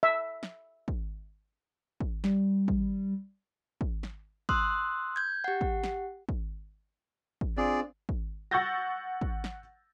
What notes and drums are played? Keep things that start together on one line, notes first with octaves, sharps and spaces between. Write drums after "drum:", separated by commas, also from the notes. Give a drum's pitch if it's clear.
E5
drum: snare
drum: kick
drum: kick
G3, drum: snare
drum: kick
drum: kick
drum: snare
C6 D#6 E6 F#6, drum: kick
G6 G#6
G4 F#5
drum: kick
drum: snare
drum: kick
drum: kick
C4 D4 F4 G#4 D5
drum: kick
F#5 C#6 E6 G6 A6 A#6
drum: kick
drum: snare